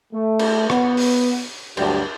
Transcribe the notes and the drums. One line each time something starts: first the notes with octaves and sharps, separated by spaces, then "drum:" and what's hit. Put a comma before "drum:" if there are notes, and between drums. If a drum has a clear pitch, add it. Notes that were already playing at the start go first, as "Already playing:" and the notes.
A3
drum: cymbal
B3, drum: rim click
drum: open hi-hat
D2 G2 F#3 D4 G4, drum: cymbal